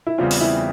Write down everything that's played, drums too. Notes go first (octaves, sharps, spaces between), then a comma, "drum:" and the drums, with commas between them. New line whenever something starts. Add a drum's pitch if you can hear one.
E4
E2 C#3 G3 C4 F4
drum: open hi-hat
E4